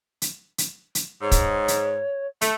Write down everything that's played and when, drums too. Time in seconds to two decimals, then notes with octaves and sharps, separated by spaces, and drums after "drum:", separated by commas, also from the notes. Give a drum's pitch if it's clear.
0.22 drum: hi-hat
0.58 drum: hi-hat
0.95 drum: hi-hat
1.21 G#2 C#5
1.32 drum: kick, hi-hat
1.68 drum: hi-hat
2.41 A3, drum: hi-hat